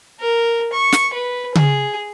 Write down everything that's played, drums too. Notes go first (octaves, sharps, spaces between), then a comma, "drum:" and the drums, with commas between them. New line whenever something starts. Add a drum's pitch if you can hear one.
A#4
C#6
drum: snare
B4
G#4, drum: tom C#3